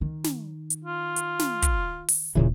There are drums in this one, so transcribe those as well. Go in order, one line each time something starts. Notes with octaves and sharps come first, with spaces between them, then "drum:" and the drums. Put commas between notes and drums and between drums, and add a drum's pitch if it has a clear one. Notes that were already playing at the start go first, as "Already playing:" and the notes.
D#3
drum: snare
drum: hi-hat
F4
drum: hi-hat
drum: snare
drum: kick, hi-hat
drum: open hi-hat
D#1 A#2 C#3 E3